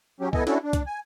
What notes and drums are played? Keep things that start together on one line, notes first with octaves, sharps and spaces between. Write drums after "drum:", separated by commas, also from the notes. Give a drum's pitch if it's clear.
F#3 C#4 G4
B3 E4 A4 D#5 G#5, drum: kick C2
C#4 D4 E4 F#4 A4, drum: snare
D4
drum: kick C2, hi-hat
G#5